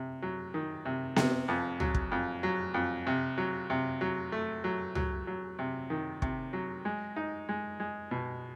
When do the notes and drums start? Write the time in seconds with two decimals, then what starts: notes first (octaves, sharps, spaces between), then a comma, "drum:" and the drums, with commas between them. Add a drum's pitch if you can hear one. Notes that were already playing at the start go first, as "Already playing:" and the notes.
Already playing: C3
0.22 F#3
0.54 D#3
0.85 C3
1.16 C3, drum: snare B3
1.48 F2
1.80 F#3, drum: tom C#2
1.95 drum: kick
2.12 F2
2.43 F#3
2.74 F2
3.07 C3
3.38 F#3
3.70 C3
4.01 F#3
4.32 A3
4.64 F#3
4.95 F#3, drum: tom C#2
5.27 F#3
5.59 C3
5.90 D#3
6.22 C3, drum: kick
6.53 F#3
6.85 G#3
7.16 D#4
7.49 G#3
7.80 G#3
8.11 B2